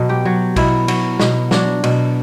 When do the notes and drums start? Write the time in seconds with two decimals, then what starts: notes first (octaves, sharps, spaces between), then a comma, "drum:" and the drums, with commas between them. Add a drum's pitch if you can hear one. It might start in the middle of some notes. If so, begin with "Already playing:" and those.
Already playing: B2 F#3 A4
0.09 G4
0.25 F#3
0.56 B2 E4, drum: kick, cymbal
0.88 F#3, drum: cymbal
1.20 B2, drum: snare
1.51 F#3 D4, drum: snare
1.84 B2, drum: cymbal